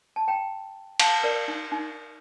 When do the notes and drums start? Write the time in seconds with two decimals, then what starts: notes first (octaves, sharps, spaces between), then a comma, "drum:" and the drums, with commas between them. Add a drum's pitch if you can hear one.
0.16 A5
0.28 G5 A#5
1.00 F5 A5, drum: cymbal
1.23 A#4 D5
1.48 D#4
1.72 D#4